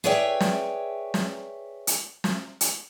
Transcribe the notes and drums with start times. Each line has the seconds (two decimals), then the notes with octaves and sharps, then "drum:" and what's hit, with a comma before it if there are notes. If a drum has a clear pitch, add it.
0.04 G#4 B4 C#5 D5 E5 G5
0.40 drum: snare
1.14 drum: snare
1.87 drum: hi-hat
2.24 drum: snare
2.61 drum: hi-hat